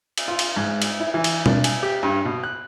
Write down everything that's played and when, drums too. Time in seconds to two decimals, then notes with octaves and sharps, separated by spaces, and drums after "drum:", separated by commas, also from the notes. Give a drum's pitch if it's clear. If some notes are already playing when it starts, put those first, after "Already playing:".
0.18 drum: cymbal
0.28 F4
0.39 drum: cymbal
0.56 G#2
0.82 drum: cymbal
1.00 E4
1.14 E3
1.24 drum: cymbal
1.46 D4, drum: tom B2
1.64 G#5, drum: cymbal
1.83 G4
2.03 G2
2.25 B2
2.43 F#6